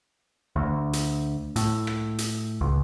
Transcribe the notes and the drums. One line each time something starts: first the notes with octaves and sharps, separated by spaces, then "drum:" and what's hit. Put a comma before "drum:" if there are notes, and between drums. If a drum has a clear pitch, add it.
D2
drum: hi-hat
A2, drum: hi-hat
drum: rim click
drum: hi-hat
C#2